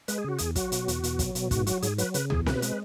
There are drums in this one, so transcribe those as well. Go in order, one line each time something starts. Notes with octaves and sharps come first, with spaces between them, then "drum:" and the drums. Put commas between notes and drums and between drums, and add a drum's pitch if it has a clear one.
G#3 B4, drum: hi-hat
G#4
C#3 F#4
E2 G#4, drum: hi-hat
F#3 F#4, drum: kick, hi-hat
B2, drum: hi-hat
E2, drum: hi-hat
B2, drum: hi-hat
F#3, drum: kick, hi-hat
B2, drum: hi-hat
G#2 F#4, drum: kick, hi-hat
F#3 F#4, drum: hi-hat
G#2 G#4, drum: hi-hat
F#3 B4, drum: hi-hat
C#3 B4, drum: hi-hat
E2 G#4, drum: tom C#2
B2 B4, drum: snare C4
G#3, drum: hi-hat